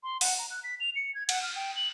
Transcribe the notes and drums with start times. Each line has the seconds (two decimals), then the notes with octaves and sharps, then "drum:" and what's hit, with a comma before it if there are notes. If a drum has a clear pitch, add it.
0.03 C6
0.21 F#5, drum: open hi-hat
0.38 A#5
0.50 F#6
0.64 B6
0.80 F7
0.96 C#7
1.15 G#6
1.29 F#5, drum: cymbal
1.43 F6
1.56 G5
1.76 F#7